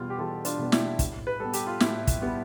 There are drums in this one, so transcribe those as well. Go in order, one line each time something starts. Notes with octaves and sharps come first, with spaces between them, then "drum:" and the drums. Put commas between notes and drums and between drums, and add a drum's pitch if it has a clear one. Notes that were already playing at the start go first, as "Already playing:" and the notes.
Already playing: E2 B2 G3 B3 F4
G4
E2 F4 A4
D4 F4, drum: hi-hat
B2 G3 B3
E4, drum: snare
A2, drum: kick, hi-hat
B4
G3 B3 A4
G4, drum: hi-hat
F4
A2 E4, drum: snare
drum: kick, hi-hat
G3 B3